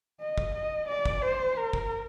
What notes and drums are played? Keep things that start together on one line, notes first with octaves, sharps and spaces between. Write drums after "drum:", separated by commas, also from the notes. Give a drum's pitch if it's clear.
D#5
drum: kick
D#5
D5
drum: kick
C5
A#4
drum: kick